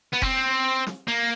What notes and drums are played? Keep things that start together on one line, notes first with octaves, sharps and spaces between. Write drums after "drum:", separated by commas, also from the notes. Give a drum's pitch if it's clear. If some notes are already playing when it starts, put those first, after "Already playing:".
B3
C4, drum: kick F1
drum: snare
A#3